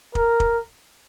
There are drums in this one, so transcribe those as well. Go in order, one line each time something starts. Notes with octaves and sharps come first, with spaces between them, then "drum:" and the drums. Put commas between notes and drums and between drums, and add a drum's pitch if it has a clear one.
A#4, drum: kick
drum: kick